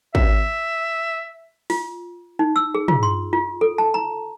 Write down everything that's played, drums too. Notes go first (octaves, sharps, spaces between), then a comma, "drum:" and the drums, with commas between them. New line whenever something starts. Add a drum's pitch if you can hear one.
E5, drum: kick
F4, drum: open hi-hat
D#4
E6
G#4
F4, drum: tom
C6
F4
A4
A5
A#5